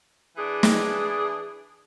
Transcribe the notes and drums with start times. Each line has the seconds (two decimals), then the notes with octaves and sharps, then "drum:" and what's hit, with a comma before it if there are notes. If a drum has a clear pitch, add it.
0.36 E3 D4 G#4
0.63 drum: snare